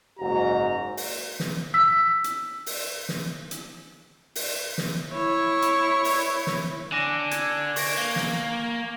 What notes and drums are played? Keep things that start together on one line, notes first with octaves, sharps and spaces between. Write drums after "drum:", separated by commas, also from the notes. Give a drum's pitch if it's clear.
F#1 G#2 F#4 A#5
drum: open hi-hat
drum: snare
E6 B6
drum: hi-hat
drum: open hi-hat
drum: snare
drum: hi-hat
drum: open hi-hat
drum: snare
E4 C#5
drum: hi-hat
drum: open hi-hat
drum: snare
D3 G#5 D6 A#6
G#6, drum: hi-hat
C#6 A#6 D7, drum: open hi-hat
A#3
drum: snare